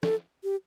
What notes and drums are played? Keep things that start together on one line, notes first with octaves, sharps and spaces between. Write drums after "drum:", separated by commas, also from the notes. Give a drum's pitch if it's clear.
A4, drum: snare
G4